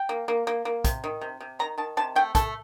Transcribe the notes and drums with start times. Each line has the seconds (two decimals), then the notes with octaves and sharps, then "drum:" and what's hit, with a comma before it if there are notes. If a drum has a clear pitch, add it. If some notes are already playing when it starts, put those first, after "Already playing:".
Already playing: G5
0.09 A#3
0.28 A#3
0.47 A#3
0.65 A#3
0.84 C3, drum: kick, hi-hat
1.04 D#3
1.21 C3
1.40 C3
1.59 D#3 A#5
1.78 D#3 A5
1.97 C3 A5
2.16 A3 G5
2.35 A3 A4, drum: kick, hi-hat